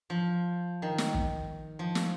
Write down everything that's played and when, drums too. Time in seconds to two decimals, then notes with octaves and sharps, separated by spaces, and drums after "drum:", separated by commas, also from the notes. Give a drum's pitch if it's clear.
0.10 F3
0.82 D#3
0.98 drum: snare
1.14 drum: kick
1.79 F3
1.95 drum: snare